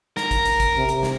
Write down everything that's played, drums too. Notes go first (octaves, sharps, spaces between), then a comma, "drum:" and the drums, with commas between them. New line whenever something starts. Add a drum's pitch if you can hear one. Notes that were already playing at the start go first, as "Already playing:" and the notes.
A#4, drum: snare
drum: kick, hi-hat
drum: hi-hat
drum: kick, hi-hat
C3
drum: hi-hat
drum: snare